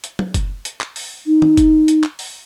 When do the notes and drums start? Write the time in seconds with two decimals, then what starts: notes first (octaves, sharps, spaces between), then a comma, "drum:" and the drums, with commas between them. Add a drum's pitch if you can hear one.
0.04 drum: hi-hat
0.19 drum: tom F#3
0.34 drum: kick F#1, hi-hat
0.65 drum: hi-hat
0.81 drum: clap
0.96 drum: open hi-hat
1.27 D#4
1.42 drum: tom D#3
1.57 drum: kick F#1, hi-hat
1.88 drum: hi-hat
2.04 drum: clap
2.19 drum: open hi-hat